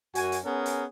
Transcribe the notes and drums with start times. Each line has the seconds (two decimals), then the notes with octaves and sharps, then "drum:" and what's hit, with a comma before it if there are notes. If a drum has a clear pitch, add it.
0.15 F#2 F#4 G#5, drum: hi-hat
0.32 drum: hi-hat
0.45 B3 C#4 G#4 A#4
0.66 drum: hi-hat